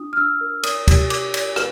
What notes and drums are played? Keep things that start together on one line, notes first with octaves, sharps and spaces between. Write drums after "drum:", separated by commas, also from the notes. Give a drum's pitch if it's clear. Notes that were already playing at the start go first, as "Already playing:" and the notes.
Already playing: D4 F4 D#6
F6
D4 E6
A#4
A#4 D#6, drum: cymbal
G4, drum: kick, cymbal
G4 D6, drum: cymbal
D5, drum: cymbal
B4, drum: rim click